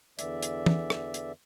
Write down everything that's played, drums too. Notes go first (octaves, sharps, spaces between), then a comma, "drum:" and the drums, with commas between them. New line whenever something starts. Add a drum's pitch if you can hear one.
E2 D3 E3 D5 E5, drum: hi-hat
drum: hi-hat
drum: tom
drum: rim click
drum: hi-hat